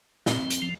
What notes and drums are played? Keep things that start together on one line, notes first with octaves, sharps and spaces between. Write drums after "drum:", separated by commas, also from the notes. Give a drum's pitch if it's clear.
A#2 C4, drum: snare
drum: hi-hat
F3